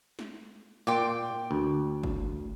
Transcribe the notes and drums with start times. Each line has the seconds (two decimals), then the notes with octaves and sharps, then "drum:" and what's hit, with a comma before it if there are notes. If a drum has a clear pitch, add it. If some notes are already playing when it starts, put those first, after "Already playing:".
0.19 drum: snare
0.87 A#2 G5 C6 D6
1.51 D2
2.03 drum: kick